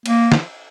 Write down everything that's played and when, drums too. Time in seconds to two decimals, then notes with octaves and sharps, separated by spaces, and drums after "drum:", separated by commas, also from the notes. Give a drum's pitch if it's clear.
0.06 A#3, drum: cymbal
0.32 drum: snare